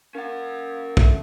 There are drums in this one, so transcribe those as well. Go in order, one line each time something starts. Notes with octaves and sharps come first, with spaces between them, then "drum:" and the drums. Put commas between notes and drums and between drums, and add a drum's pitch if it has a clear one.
A#3 C#4 F#5
A3, drum: kick